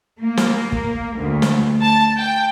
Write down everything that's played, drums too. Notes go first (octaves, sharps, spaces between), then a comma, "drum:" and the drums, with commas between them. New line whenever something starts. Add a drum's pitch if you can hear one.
A#3
drum: snare
drum: kick
D2
drum: snare
A5
G5